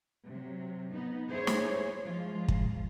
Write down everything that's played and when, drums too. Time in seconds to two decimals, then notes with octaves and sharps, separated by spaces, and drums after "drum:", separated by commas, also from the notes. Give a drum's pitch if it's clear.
0.26 C3 F#3
0.92 B3 D#4
1.30 E4 G#4 C5 C#5
1.47 drum: snare
2.03 F3 G#3 F4
2.48 drum: kick